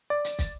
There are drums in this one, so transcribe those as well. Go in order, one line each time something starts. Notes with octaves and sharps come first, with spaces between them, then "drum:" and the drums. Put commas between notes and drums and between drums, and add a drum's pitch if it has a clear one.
D5
drum: hi-hat
drum: kick, hi-hat